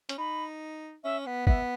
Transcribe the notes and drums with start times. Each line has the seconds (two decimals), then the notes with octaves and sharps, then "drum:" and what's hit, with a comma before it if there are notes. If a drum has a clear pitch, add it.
0.09 C#4, drum: hi-hat
0.18 D#4 B5
1.04 C#4 E5
1.26 B3
1.47 B3 E5, drum: kick G1